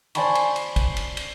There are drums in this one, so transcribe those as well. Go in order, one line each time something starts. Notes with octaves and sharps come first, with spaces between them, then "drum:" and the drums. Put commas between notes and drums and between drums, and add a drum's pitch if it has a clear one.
C5 D5 G#5 A5 B5 C#6, drum: cymbal
drum: cymbal
drum: cymbal
drum: kick, cymbal
drum: cymbal
drum: cymbal